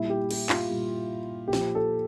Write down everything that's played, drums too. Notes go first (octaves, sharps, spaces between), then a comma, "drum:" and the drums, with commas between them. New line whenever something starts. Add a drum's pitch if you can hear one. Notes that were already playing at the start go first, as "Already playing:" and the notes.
Already playing: A#2 G3 E4
G4
G4, drum: cymbal
F4, drum: clap
A#2 G3
A#2 G4
F3, drum: snare
A4